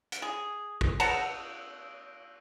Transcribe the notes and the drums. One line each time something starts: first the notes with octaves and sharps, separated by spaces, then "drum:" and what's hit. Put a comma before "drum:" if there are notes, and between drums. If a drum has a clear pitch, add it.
drum: hi-hat
G#4
drum: kick
F#5 A5 A#5, drum: cymbal